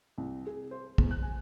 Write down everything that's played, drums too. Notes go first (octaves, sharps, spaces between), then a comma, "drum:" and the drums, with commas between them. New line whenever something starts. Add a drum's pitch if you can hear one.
C2
G#4
C5
E2, drum: kick
F#6
G#5